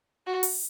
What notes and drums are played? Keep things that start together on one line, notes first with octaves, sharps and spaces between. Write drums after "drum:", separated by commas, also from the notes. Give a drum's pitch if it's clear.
F#4
drum: open hi-hat